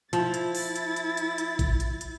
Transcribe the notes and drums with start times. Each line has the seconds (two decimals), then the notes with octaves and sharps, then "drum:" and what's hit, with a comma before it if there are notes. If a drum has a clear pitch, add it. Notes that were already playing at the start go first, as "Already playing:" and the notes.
0.13 F3 E4 A6, drum: hi-hat
0.34 drum: hi-hat
0.55 drum: open hi-hat
0.76 drum: hi-hat
0.96 drum: hi-hat
1.17 drum: hi-hat
1.38 drum: hi-hat
1.59 drum: kick G#1, hi-hat
1.80 drum: hi-hat
2.01 drum: hi-hat